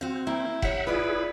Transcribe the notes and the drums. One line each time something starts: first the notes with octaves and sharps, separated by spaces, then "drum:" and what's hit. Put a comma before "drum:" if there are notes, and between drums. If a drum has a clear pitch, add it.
C4 F#4 F5
A#3 E4
G4 C#5 E5 F#5, drum: kick F1
E4 F4 G#4 B4 D5